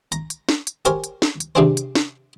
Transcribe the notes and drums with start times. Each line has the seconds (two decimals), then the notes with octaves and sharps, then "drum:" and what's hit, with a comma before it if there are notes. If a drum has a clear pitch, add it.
0.12 A#5, drum: hi-hat
0.30 drum: hi-hat
0.49 drum: snare
0.67 drum: hi-hat
0.85 G4 A#4 C5 C#5 G#5, drum: hi-hat
1.04 drum: hi-hat
1.22 drum: snare
1.40 drum: hi-hat
1.55 C3 C4 D4 G4 G#4 C5
1.77 drum: hi-hat
1.95 drum: snare